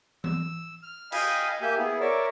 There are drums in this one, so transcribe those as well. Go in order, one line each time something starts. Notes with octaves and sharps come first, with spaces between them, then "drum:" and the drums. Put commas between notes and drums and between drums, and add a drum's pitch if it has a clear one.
E6, drum: tom E3
F6
D#5 F5 G5 G#5 B5, drum: cymbal
A#3 G4 E5 G#5 G6
B3 E4 G#4
A#4 C#5 D5 E5